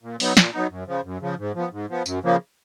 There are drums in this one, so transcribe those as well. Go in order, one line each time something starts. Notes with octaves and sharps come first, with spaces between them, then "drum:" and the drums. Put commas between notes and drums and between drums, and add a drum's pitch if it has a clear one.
A#2
F#3 B3 D#4, drum: open hi-hat
A#2, drum: snare
F#3 B3 D#4
F#2
C#3 F3
F#2
C#3 F3
G#2
F3 B3
G#2
F3 B3
F#2, drum: tambourine
C#3 F3 A#3